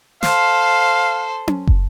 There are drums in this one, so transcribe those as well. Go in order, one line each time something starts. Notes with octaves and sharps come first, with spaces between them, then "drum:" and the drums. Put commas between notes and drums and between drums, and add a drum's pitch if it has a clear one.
A4 C5 F5, drum: snare
drum: tom C#4
drum: kick